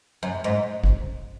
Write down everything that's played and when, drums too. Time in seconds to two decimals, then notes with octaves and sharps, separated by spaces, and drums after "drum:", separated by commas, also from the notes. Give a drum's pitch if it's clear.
0.23 F#2
0.44 G#2
0.83 drum: kick